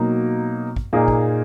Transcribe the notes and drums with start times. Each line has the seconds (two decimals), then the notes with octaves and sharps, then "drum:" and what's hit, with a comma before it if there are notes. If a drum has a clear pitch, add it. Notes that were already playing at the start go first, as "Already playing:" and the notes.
Already playing: B2 F#3 A#3 D#4
0.76 drum: kick
0.93 A#2 A#3 D#4 G#4
1.08 drum: kick